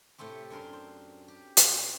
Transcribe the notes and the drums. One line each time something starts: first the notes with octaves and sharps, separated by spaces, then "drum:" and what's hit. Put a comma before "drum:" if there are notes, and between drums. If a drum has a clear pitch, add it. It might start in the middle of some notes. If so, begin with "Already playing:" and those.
A2 C3 A3 C4 G4
F#2 D4 A#4 C6
C5
G4
A#2 C#4 C5 G5 B5, drum: hi-hat